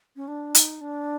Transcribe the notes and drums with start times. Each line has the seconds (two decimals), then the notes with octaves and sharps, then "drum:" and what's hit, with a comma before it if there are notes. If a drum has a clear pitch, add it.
0.16 C#4
0.28 D4
0.55 D#4, drum: hi-hat
0.81 D4